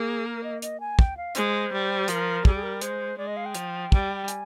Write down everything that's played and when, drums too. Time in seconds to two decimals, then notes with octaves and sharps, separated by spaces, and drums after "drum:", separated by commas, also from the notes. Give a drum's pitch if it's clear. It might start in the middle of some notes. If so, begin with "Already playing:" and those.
Already playing: A#3 G#4
0.26 A#4
0.44 D#5
0.62 D#5, drum: hi-hat
0.80 G#5
0.99 G5, drum: kick
1.17 F5
1.35 G#3 C5, drum: hi-hat
1.72 G3
2.08 F3 A#4, drum: hi-hat
2.45 G3 G#4, drum: kick
2.55 G#4
2.63 A#4
2.81 G#3 C5, drum: hi-hat
3.18 G#3 D5
3.27 D#5
3.37 F5
3.46 G5
3.55 F3, drum: hi-hat
3.92 G3, drum: kick
4.28 G#5, drum: hi-hat